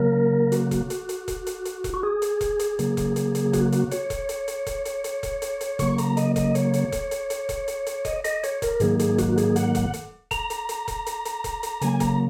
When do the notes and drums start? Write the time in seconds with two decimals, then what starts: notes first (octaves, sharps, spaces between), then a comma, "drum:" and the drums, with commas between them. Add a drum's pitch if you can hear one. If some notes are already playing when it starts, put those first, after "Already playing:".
Already playing: C#3 F#3 A#3 A#4
0.52 F#4, drum: hi-hat
0.71 drum: kick E1, hi-hat
0.90 drum: hi-hat
1.09 drum: hi-hat
1.28 drum: kick E1, hi-hat
1.46 drum: hi-hat
1.65 drum: hi-hat
1.84 drum: kick E1, hi-hat
1.94 F#4
2.03 G#4
2.22 drum: hi-hat
2.41 drum: kick E1, hi-hat
2.59 drum: hi-hat
2.79 C#3 F#3 A#3, drum: hi-hat
2.97 drum: kick E1, hi-hat
3.16 drum: hi-hat
3.35 drum: hi-hat
3.53 F#4, drum: kick E1, hi-hat
3.72 drum: hi-hat
3.91 C#5, drum: hi-hat
4.10 drum: kick E1, hi-hat
4.29 drum: hi-hat
4.48 drum: hi-hat
4.66 drum: kick E1, hi-hat
4.85 drum: hi-hat
5.04 drum: hi-hat
5.23 drum: kick E1, hi-hat
5.42 drum: hi-hat
5.61 drum: hi-hat
5.79 C#3 F#3 A#3 C#6, drum: kick E1, hi-hat
5.98 A#5, drum: hi-hat
6.17 D#5, drum: hi-hat
6.36 D#5, drum: kick E1, hi-hat
6.55 C#5, drum: hi-hat
6.74 drum: hi-hat
6.92 drum: kick E1, hi-hat
7.11 drum: hi-hat
7.30 drum: hi-hat
7.49 drum: kick E1, hi-hat
7.68 drum: hi-hat
7.86 drum: hi-hat
8.05 D#5, drum: kick E1, hi-hat
8.24 D#5, drum: hi-hat
8.43 C#5, drum: hi-hat
8.62 A#4, drum: kick E1, hi-hat
8.80 G#2 D#3 F#3 A#3 G#4, drum: hi-hat
8.99 G#4, drum: hi-hat
9.18 F#4, drum: kick E1, hi-hat
9.32 F#4
9.38 G#4, drum: hi-hat
9.56 F#5, drum: hi-hat
9.75 drum: kick E1, hi-hat
9.94 drum: hi-hat
10.31 A#5, drum: kick E1, hi-hat
10.50 drum: hi-hat
10.69 drum: hi-hat
10.88 drum: kick E1, hi-hat
11.06 drum: hi-hat
11.25 drum: hi-hat
11.44 drum: kick E1, hi-hat
11.63 drum: hi-hat
11.81 C#3 F#3 A#3 G#5, drum: hi-hat
12.00 A#5, drum: kick E1, hi-hat